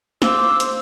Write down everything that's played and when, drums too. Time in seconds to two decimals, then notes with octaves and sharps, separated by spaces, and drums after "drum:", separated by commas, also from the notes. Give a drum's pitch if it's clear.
0.22 C5 F5 D6 E6, drum: snare
0.60 drum: hi-hat